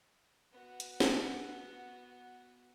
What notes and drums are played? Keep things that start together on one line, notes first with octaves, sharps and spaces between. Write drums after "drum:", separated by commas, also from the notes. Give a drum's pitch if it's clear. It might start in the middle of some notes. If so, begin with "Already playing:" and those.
B3 F#4
drum: hi-hat
drum: snare